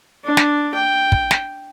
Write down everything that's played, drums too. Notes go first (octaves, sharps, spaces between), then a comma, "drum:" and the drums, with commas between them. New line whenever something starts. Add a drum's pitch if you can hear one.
D4
drum: snare
G5
drum: kick
drum: snare